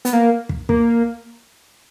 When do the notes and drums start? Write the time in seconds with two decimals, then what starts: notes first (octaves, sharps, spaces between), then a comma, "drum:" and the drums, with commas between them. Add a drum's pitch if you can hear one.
0.05 B3, drum: hi-hat
0.13 A#3
0.49 drum: kick
0.69 A#3, drum: kick